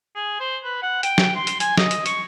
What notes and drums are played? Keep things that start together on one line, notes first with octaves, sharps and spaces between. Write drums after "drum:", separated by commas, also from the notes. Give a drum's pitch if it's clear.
G#4
C5
B4
F#5
G5, drum: hi-hat
drum: snare
C6
drum: hi-hat
G#5, drum: hi-hat
D#5, drum: snare
drum: hi-hat
C#6, drum: hi-hat